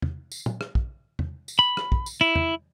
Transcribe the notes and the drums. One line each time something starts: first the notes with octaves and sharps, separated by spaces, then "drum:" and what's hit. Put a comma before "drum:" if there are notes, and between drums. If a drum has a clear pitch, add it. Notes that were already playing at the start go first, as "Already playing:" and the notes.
drum: tom E2
drum: tambourine
drum: tom
drum: rim click
drum: kick
drum: tom E2
drum: tambourine
B5
drum: rim click
drum: kick
drum: tambourine
E4
drum: tom E2